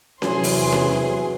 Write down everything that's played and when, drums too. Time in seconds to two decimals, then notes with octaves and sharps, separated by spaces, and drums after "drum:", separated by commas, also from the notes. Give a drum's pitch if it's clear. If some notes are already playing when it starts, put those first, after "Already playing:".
0.22 E2 C3 E3 F#3 F#4 G#4 C#5 C6, drum: snare C#4
0.44 drum: open hi-hat
0.72 drum: snare C#4